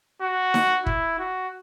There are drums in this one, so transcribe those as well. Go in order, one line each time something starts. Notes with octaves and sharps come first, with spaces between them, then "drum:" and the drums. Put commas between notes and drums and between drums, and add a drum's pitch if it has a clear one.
F#4
drum: snare D#4
E4, drum: kick
F#4